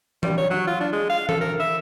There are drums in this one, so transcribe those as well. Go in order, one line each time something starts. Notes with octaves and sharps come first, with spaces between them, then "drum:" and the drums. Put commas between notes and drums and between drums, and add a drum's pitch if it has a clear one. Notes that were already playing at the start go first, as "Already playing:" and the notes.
G3, drum: tom E3
C#5
F#3
F4
D4
G#3
F5
A4, drum: tom E3
A#4
E5